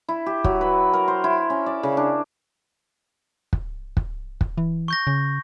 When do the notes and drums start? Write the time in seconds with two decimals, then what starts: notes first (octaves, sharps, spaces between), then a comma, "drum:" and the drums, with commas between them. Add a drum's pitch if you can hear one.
0.08 E4
0.26 G4
0.44 F#3, drum: kick
0.61 B4
0.93 A#4
1.08 C5
1.24 E4
1.50 C#4
1.66 D5
1.83 C#3
1.97 D4
3.53 drum: kick
3.97 drum: kick
4.41 drum: kick
4.58 E3
4.88 C#6 G6 A#6
5.07 C#3